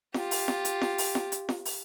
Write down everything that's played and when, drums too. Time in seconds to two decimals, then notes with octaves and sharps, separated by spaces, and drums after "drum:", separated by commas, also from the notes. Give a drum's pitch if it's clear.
0.14 F4 G4, drum: snare
0.31 drum: open hi-hat
0.48 drum: snare
0.65 drum: hi-hat
0.81 drum: snare
0.98 drum: open hi-hat
1.15 drum: snare
1.32 drum: hi-hat
1.49 drum: snare
1.65 drum: open hi-hat